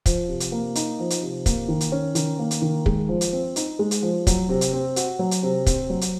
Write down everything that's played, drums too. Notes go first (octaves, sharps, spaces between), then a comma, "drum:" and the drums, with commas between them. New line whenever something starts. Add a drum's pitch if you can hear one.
F3, drum: kick, hi-hat
C3
drum: hi-hat
A#3
D#4, drum: hi-hat
F3
drum: hi-hat
C3
A#3, drum: kick, hi-hat
D#3
drum: hi-hat
C#4
D#3, drum: hi-hat
A#3
drum: hi-hat
D#3
G#3, drum: kick
F3
drum: hi-hat
C4
D#4, drum: hi-hat
G#3
drum: hi-hat
F3
F#3, drum: kick, hi-hat
C3
drum: hi-hat
C4
F#4, drum: hi-hat
F#3
drum: hi-hat
C3
C4, drum: kick, hi-hat
F#3
drum: hi-hat